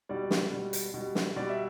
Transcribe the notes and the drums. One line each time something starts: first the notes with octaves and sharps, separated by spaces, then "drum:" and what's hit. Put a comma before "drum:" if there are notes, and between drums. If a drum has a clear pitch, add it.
B2 G3 D5
drum: snare
B2 G3
drum: hi-hat
B2 G3
drum: snare
B2 G3 D5
E5